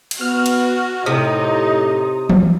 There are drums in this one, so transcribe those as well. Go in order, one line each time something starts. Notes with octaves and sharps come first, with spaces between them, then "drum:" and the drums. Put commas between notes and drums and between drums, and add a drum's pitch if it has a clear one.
drum: cymbal
B3 F#4 F6
drum: cymbal
A2 C3 D#4 D#6
drum: tom E3